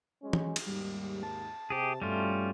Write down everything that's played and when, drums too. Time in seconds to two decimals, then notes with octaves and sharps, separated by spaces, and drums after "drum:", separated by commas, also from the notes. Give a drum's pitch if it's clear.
0.22 F#3 G#3 C#4
0.33 drum: tom E3
0.56 drum: cymbal
0.66 D#2 G#2 G3
1.23 A5
1.70 C3 G4 G#4
2.02 G2 B2 G3 A3 C#4 F4